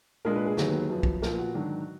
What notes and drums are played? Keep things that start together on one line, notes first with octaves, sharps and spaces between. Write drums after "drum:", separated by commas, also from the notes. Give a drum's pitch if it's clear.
A#2 G#3 D4 A#4
B4
G#4
D#2 D#3 F#3 B3, drum: snare
F#2 F3 B3
drum: kick
A#2 F3 B3 A#4, drum: snare
F#4
G#2 D#3 F#3 D4